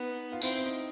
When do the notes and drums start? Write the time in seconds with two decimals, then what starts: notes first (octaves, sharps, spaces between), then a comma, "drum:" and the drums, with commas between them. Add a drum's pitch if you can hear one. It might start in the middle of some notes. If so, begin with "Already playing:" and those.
Already playing: B3 D#4
0.32 F4
0.42 C4 E4, drum: tambourine
0.56 E4
0.64 D#4